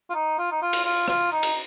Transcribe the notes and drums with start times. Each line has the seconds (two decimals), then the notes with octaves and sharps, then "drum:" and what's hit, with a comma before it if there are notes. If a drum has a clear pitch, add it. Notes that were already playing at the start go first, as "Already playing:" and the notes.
0.10 F4
0.14 D#4
0.39 F4
0.51 D#4
0.62 F4
0.73 drum: cymbal
0.85 F4
1.08 F4, drum: rim click
1.32 D#4
1.43 drum: cymbal